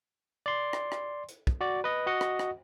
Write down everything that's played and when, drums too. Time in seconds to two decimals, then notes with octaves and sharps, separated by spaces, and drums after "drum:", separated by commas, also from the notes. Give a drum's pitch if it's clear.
0.46 D5 C6
0.73 drum: rim click
0.92 drum: rim click
1.29 drum: hi-hat
1.47 drum: kick
1.61 F#4 D5
1.84 B4 D#5
2.07 F#4 D#5 F#5
2.21 drum: rim click
2.39 drum: rim click